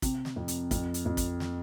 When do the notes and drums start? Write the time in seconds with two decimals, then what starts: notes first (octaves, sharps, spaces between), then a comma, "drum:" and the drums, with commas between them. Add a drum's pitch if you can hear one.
0.02 C3, drum: kick, hi-hat
0.25 drum: snare
0.36 F2
0.48 drum: hi-hat
0.71 F2, drum: kick, hi-hat
0.94 drum: hi-hat
1.06 F2
1.17 drum: kick, hi-hat
1.40 drum: snare